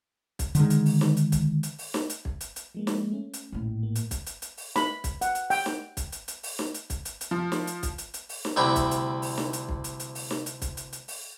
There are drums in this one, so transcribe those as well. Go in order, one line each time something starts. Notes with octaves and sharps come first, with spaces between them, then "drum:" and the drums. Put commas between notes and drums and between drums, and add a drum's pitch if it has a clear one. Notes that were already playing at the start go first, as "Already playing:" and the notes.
drum: kick, hi-hat
D3 D#3 G#3, drum: hi-hat
drum: hi-hat
drum: open hi-hat
drum: snare
drum: hi-hat
drum: kick, hi-hat
drum: hi-hat
drum: open hi-hat
drum: snare
drum: hi-hat
drum: kick
drum: hi-hat
drum: hi-hat
F3 G#3 A#3
drum: snare
A3 C#4
drum: hi-hat
A#1 A2
A#3
drum: hi-hat
drum: kick, hi-hat
drum: hi-hat
drum: hi-hat
drum: open hi-hat
B5, drum: snare
drum: kick, hi-hat
F#5, drum: hi-hat
drum: hi-hat
G5, drum: open hi-hat
drum: snare
drum: kick, hi-hat
drum: hi-hat
drum: hi-hat
drum: open hi-hat
drum: snare
drum: hi-hat
drum: kick, hi-hat
drum: hi-hat
drum: hi-hat
F3
drum: snare
drum: hi-hat
drum: kick, hi-hat
drum: hi-hat
drum: hi-hat
drum: open hi-hat
drum: snare
D2 C3 G3 E4 G5
drum: kick, hi-hat
drum: hi-hat
drum: open hi-hat
drum: snare
drum: hi-hat
drum: kick
drum: hi-hat
drum: hi-hat
drum: open hi-hat
drum: snare
drum: hi-hat
drum: kick, hi-hat
drum: hi-hat
drum: hi-hat
drum: open hi-hat